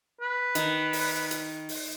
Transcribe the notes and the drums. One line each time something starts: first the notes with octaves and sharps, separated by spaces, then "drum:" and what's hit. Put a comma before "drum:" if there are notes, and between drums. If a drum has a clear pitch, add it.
B4
D#3, drum: hi-hat
drum: open hi-hat
drum: hi-hat
drum: open hi-hat